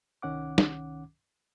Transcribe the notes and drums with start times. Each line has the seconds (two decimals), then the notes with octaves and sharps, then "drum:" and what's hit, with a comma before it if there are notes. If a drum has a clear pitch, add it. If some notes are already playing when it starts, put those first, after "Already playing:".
0.22 C2 D#3 C#4 F#5 D6
0.58 drum: snare